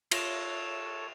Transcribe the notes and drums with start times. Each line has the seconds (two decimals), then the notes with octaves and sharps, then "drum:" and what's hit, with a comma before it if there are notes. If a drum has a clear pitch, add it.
0.11 F4 A4 C#5 A#6 E7 F7, drum: cymbal